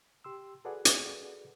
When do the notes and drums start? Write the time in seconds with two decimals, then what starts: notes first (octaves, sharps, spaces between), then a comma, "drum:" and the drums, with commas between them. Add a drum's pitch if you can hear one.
0.24 G4 C6 E6
0.65 F#4 G#4 A4 B4 D5 F#5
0.85 drum: hi-hat